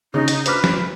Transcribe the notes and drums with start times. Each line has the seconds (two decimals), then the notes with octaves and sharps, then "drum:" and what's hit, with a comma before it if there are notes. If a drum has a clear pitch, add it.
0.14 C#3 D#4
0.28 drum: hi-hat
0.46 B4 C5 D6 F6, drum: hi-hat
0.64 drum: snare